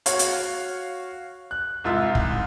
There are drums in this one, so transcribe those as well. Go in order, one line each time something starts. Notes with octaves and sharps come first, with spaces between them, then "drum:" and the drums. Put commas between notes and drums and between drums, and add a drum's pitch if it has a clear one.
F#4 C#5 F5, drum: hi-hat
drum: hi-hat
F#6
C2 G#2 F4 E5 C6
drum: kick